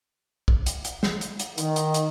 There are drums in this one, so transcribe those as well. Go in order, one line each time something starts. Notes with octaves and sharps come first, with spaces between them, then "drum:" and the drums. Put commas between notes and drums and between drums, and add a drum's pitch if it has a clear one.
drum: kick
drum: hi-hat
drum: hi-hat
drum: snare
drum: hi-hat
drum: hi-hat
D#3, drum: hi-hat
drum: hi-hat
drum: hi-hat